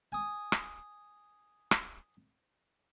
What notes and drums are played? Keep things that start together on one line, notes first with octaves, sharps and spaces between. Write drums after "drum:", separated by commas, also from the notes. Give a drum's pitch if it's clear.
G#5 D#6
drum: rim click
drum: rim click